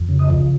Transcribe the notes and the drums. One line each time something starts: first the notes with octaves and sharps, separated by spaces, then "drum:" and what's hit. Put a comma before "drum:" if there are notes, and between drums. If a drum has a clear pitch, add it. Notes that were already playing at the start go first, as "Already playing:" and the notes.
Already playing: F2
C#3
D#5
F3, drum: kick